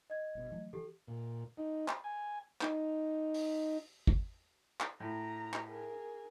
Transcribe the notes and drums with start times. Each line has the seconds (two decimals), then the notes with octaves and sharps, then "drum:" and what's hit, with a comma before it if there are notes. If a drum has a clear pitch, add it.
0.10 D#5 G#6
0.35 G1 B2
0.52 E3 F#3 A3
0.73 C#3 E3 G4 A4
1.08 A#2
1.57 D#4
1.88 drum: clap
2.04 G#5
2.61 D#4, drum: clap
3.34 drum: open hi-hat
4.07 drum: kick
4.81 drum: clap
5.00 A2 A#5
5.54 drum: clap
5.68 G#4 A#4